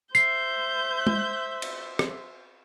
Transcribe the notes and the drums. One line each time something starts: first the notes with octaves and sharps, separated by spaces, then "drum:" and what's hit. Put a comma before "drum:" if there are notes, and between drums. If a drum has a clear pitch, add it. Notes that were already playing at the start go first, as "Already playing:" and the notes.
C5 E5 G6 C7, drum: tambourine
drum: tom G#3
drum: cymbal
drum: rim click